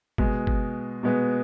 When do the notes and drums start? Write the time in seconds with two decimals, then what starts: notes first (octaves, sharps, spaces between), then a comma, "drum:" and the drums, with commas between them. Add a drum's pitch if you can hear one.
0.18 B2 G#3 B3, drum: kick
0.47 drum: kick
1.03 B2 G#3 B3